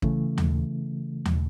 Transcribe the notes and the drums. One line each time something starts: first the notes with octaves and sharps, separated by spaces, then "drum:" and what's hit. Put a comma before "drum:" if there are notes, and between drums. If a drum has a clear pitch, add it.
C#3 E3 A3, drum: kick
drum: tom D#2
drum: tom D#2